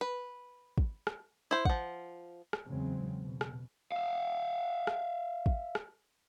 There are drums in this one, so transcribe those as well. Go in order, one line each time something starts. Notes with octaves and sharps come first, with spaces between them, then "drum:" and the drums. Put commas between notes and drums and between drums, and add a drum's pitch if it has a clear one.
B4
drum: kick
drum: rim click
E4 C5
F3 F#5, drum: kick
drum: rim click
E2 C#3 F#3 G#3 C4
B2
drum: rim click
E5 F5
drum: rim click
drum: kick
drum: rim click